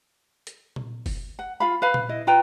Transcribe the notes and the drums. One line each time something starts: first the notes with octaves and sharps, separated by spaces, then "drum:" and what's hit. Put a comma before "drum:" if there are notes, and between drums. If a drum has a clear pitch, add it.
drum: hi-hat
drum: tom A#2
drum: kick F#1, open hi-hat
F#5
F4 F5 B5
B4 F5 B5
drum: tom A#2
E4 D#5
F4 B4 G5 A#5